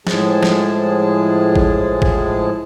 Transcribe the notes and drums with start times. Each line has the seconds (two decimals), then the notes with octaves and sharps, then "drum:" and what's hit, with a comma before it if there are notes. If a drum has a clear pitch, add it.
0.07 A2 F3 G#3 G#4 A5, drum: snare
0.43 drum: snare
1.56 drum: kick
2.02 drum: kick